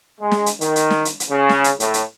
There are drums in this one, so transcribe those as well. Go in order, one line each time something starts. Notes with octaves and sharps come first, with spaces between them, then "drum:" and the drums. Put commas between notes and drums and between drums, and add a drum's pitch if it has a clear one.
G#3
drum: snare
drum: hi-hat
D#3, drum: hi-hat
drum: hi-hat
drum: snare
drum: hi-hat
drum: hi-hat
C#3
drum: snare
drum: hi-hat
A2, drum: hi-hat
drum: hi-hat